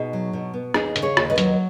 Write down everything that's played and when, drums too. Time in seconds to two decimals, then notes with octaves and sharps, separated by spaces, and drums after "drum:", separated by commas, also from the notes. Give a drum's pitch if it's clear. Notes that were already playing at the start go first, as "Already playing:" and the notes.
Already playing: B2 D#4 G#4
0.13 F#3
0.33 B2
0.54 B3
0.74 D#2 D#4 G#4, drum: rim click
0.96 C#3, drum: hi-hat
1.02 G#4 C#5
1.17 D#2, drum: rim click
1.30 B4 D#5
1.38 F#3, drum: hi-hat